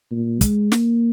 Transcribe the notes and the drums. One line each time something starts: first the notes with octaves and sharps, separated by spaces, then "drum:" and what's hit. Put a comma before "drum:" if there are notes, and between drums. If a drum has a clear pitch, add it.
A#2
G#3, drum: kick, hi-hat
A#3, drum: snare